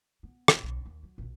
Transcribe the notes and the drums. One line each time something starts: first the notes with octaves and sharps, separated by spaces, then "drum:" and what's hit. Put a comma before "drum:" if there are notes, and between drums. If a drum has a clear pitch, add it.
B3
E1, drum: rim click
B1 D3
D#2
F#3
B1 B2